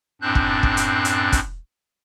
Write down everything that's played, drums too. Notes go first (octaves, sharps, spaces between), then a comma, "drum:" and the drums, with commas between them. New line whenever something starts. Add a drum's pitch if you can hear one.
F#2 A2 C4 D4 F#6 G6
drum: kick
drum: kick
drum: hi-hat
drum: hi-hat
drum: kick, hi-hat